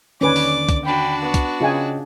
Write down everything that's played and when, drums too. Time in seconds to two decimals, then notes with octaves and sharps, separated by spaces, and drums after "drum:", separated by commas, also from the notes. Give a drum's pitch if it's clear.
0.21 D#2 D3 C#4 B4 D5 G#5 D6
0.36 drum: open hi-hat
0.69 drum: kick, hi-hat
0.85 D4 F#4 G5 B5
1.23 B3 C#6
1.34 drum: kick, hi-hat
1.60 C#3 F4 G#4 D#5 G5 G#5